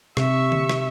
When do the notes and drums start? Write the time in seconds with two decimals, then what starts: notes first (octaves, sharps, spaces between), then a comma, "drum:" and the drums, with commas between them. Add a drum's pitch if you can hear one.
0.17 C3 E5 C#6, drum: rim click
0.52 drum: tom D3
0.69 drum: rim click